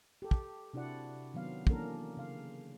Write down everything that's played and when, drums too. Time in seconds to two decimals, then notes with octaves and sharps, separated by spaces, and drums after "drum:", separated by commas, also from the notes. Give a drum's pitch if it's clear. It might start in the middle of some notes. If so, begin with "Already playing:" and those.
0.22 G4 A4
0.31 drum: kick
0.74 C3 D4 E4 F#4 D5 F#5
1.34 D#3 F#3 B3 F5
1.67 E3 A#3 C#4 D4 A4 A#4, drum: kick
2.17 C#3 F5